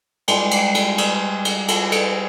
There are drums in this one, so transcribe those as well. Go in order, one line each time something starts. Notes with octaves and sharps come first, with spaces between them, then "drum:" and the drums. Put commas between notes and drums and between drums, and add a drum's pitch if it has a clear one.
G3 G#3, drum: cymbal
drum: cymbal
drum: cymbal
drum: cymbal
drum: cymbal
drum: cymbal
drum: cymbal